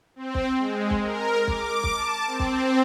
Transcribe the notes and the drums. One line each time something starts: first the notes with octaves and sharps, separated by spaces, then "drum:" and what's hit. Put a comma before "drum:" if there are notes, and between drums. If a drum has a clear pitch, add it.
C4
drum: kick
G#3
drum: kick
A#4
D6, drum: kick
drum: kick
A5
C4
drum: kick